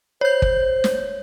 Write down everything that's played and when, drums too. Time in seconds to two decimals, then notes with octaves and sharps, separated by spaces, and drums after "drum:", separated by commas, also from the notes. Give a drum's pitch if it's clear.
0.21 C5 C#5 G6
0.42 drum: kick
0.84 drum: snare